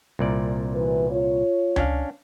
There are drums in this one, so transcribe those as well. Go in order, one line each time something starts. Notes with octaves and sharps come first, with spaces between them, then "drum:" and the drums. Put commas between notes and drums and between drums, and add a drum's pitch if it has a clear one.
C2 A#2 D5
B2 E3 B4
F4 C#5
C#4 D4 F5, drum: tom C#2